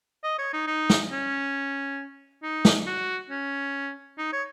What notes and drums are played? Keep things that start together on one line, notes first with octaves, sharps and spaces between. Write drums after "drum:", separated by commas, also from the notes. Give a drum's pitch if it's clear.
D#5
C#5
D#4
D#4
drum: snare
C#4
D#4
drum: snare
F#4
C#4
D#4
C#5